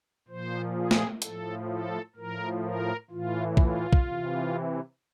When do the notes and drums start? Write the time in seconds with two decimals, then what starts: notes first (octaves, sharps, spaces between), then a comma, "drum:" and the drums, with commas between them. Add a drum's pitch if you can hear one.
0.28 A#2 F3 C5
0.75 G#4
0.91 drum: snare
1.22 A2 F3 A4, drum: hi-hat
1.69 A4
2.16 A2 F3 A#4
2.64 A#4
3.11 A2 E3 F4
3.57 F4, drum: kick
3.93 drum: kick
4.04 C3 E3